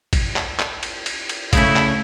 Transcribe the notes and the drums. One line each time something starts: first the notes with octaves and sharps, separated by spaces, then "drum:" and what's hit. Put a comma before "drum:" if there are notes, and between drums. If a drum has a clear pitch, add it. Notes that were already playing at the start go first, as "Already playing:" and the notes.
drum: kick, cymbal
drum: clap
drum: clap
drum: cymbal
drum: cymbal
drum: cymbal
C#3 A3 C#4 E4, drum: kick, cymbal
drum: clap